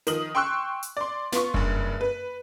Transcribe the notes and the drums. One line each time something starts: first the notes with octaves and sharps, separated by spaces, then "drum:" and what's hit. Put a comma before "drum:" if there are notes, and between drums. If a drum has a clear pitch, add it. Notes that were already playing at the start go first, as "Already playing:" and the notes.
D#3 F3 D#6 F#7, drum: hi-hat
G5 C6 C#6 E6 F#6
drum: hi-hat
D5 C6
B3 F4 C6 C#6, drum: snare
F#1 G2, drum: kick F1
B4